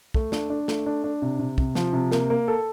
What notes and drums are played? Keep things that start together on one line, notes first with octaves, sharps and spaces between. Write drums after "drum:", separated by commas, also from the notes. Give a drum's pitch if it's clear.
A3, drum: kick
D4, drum: snare
D4
A3, drum: snare
D4
D4
C3
C3
C3, drum: kick
F3, drum: snare
C3
A#3, drum: snare
A#3
A4